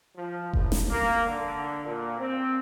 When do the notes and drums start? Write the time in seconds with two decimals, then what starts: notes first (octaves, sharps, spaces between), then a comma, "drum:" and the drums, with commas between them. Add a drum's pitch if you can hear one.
0.16 F3
0.53 A1, drum: kick F1
0.72 drum: snare
0.90 A#3
1.26 D3
1.85 A#2
2.19 C4